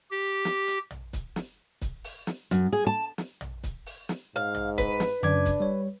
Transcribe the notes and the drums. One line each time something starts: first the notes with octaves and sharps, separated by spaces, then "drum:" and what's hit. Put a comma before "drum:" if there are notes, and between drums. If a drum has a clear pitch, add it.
G4
drum: snare
drum: hi-hat
drum: tom A#1
drum: kick C#1, hi-hat
drum: snare
drum: kick C#1, hi-hat
drum: open hi-hat
drum: snare
F#2, drum: hi-hat
G#4
A5
drum: snare
drum: tom A#1
drum: kick C#1, hi-hat
drum: open hi-hat
drum: snare
G#2 F5
drum: tom A#1
B4, drum: kick C#1, hi-hat
drum: snare
F#2 D4 D6 G#6, drum: tom C#3
drum: kick C#1, hi-hat
G3 C#5